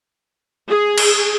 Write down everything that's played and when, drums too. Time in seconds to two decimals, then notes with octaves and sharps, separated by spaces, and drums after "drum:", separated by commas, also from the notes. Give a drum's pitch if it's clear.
0.68 G#4
0.98 drum: cymbal